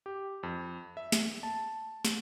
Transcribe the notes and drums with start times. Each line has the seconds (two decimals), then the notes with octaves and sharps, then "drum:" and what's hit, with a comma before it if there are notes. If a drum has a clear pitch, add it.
0.06 G4
0.43 F2
0.97 E5
1.12 drum: snare
1.43 A5
2.05 drum: snare